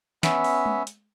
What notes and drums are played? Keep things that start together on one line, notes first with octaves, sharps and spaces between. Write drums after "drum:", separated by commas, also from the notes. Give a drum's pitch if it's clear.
B3 C#4 E5, drum: snare
drum: open hi-hat
drum: tom G#3
drum: hi-hat